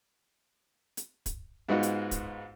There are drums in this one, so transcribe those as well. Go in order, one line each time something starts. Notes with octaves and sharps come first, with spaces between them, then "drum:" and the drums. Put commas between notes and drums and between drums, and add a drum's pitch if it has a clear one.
drum: hi-hat
drum: kick, hi-hat
G#2 G#3 B3 D#4 F4 F#4
drum: hi-hat
drum: kick, hi-hat